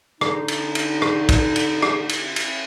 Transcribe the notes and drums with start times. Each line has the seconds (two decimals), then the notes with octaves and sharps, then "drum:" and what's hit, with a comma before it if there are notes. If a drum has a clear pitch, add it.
0.21 D3 D#4, drum: rim click
0.48 drum: cymbal
0.75 drum: cymbal
1.02 drum: rim click
1.29 drum: kick, cymbal
1.56 drum: cymbal
1.82 drum: rim click
2.09 drum: cymbal
2.36 drum: cymbal